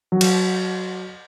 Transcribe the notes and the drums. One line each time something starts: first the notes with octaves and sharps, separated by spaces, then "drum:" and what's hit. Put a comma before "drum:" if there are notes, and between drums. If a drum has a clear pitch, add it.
F#3
drum: cymbal